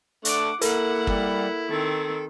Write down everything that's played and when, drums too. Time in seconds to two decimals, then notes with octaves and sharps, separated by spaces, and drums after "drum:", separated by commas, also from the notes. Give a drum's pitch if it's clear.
0.25 A3 D4 F#5 D6, drum: hi-hat
0.61 A#3 E4 A4 A#4 F#5, drum: hi-hat
1.07 G3, drum: kick
1.69 D#3 C4 A4